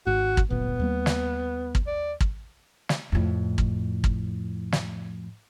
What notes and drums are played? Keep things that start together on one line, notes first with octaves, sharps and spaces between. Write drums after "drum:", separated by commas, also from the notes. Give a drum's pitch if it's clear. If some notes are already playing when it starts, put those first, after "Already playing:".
G#1 G#2 F#4
drum: kick
D1 G1 A#2 B3
D#2 G3 A#3
drum: snare
drum: kick
D5
drum: kick
drum: snare
F2 A2
drum: kick
drum: kick
drum: snare